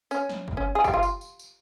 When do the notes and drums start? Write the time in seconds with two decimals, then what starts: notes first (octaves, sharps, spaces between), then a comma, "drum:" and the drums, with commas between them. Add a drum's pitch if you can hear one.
0.11 C#4, drum: tambourine
0.29 drum: snare
0.48 drum: kick
0.57 C#4
0.75 G#4
0.84 G4, drum: kick, tambourine
0.94 F4
1.03 drum: tambourine
1.21 drum: tambourine
1.39 drum: tambourine